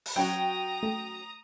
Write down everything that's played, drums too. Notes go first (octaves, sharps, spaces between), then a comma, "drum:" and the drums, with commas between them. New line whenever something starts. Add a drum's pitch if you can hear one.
drum: open hi-hat
F#3 C#4 F#4 G5 A#5 D#6
A3 A#6